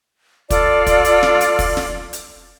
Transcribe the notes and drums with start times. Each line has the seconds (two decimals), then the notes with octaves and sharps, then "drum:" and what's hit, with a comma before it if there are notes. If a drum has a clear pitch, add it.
0.50 F4 A4 D5, drum: kick, hi-hat
0.87 drum: kick, hi-hat
1.05 drum: hi-hat
1.23 drum: snare
1.41 drum: hi-hat
1.59 drum: kick, open hi-hat
1.77 drum: snare
2.13 drum: hi-hat